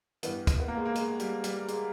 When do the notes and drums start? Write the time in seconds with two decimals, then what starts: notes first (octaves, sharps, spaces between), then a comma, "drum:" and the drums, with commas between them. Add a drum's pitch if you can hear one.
0.23 G2 E3 B3, drum: hi-hat
0.47 drum: kick, hi-hat
0.60 B3
0.68 A#3
0.77 G#3
0.85 A#3
0.95 G#3, drum: hi-hat
1.19 G3, drum: hi-hat
1.44 G3, drum: hi-hat
1.68 G#3, drum: hi-hat